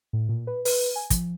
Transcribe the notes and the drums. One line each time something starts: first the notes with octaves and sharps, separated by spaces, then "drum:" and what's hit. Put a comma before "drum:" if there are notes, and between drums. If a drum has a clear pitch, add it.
A2
A#2
B4
B4, drum: open hi-hat
G#5
F3, drum: kick, hi-hat